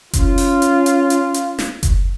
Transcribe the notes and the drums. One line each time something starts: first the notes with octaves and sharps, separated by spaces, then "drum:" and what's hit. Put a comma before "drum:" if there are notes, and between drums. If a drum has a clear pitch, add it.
C#4 F4, drum: kick F#1, hi-hat
drum: open hi-hat
drum: hi-hat
drum: hi-hat
drum: hi-hat
drum: hi-hat
drum: snare
drum: kick F#1, hi-hat